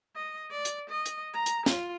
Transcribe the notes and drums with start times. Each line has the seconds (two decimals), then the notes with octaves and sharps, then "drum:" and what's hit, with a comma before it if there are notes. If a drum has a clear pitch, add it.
0.16 D#5
0.51 D5
0.65 drum: hi-hat
0.90 D#5
1.06 drum: hi-hat
1.34 A#5
1.46 drum: hi-hat
1.66 F4, drum: snare